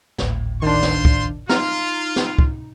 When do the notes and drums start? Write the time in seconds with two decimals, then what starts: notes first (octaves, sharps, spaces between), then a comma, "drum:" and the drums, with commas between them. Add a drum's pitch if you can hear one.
0.18 G#1 D2 A2, drum: snare
0.62 D#3 D4 F4 C5 C6
0.83 drum: snare
1.05 drum: kick
1.49 D#4 F4 A#5 F6, drum: snare
2.16 drum: snare
2.39 drum: kick